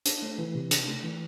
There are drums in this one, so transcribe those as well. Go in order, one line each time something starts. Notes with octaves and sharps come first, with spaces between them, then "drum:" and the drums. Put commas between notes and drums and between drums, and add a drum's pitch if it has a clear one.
D4, drum: hi-hat
A3
E3
C3
D4, drum: hi-hat
A3
E3